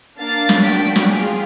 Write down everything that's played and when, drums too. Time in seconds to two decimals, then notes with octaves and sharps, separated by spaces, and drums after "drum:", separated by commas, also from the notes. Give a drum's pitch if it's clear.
0.18 A#3 D4 F5 A6
0.49 drum: snare
0.63 D4 F#4 G5 B6 D7
0.96 drum: snare
1.08 F4 G#4